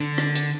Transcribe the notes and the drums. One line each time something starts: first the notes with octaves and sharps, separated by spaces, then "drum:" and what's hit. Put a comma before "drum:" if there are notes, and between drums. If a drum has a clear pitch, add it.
D3
drum: rim click
drum: hi-hat